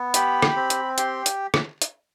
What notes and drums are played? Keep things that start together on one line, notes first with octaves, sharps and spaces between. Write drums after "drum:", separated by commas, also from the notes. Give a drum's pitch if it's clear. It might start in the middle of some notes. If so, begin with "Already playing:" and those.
Already playing: B3
G4 B5, drum: hi-hat
drum: rim click
C4
drum: hi-hat
G4 C6, drum: hi-hat
drum: hi-hat
drum: rim click
drum: hi-hat